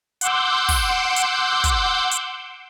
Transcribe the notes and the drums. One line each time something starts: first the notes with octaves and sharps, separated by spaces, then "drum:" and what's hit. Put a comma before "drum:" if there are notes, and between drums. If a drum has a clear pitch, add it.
F#5 C6 D6 E6 G6, drum: hi-hat
drum: kick, open hi-hat
drum: hi-hat
drum: kick, hi-hat
drum: hi-hat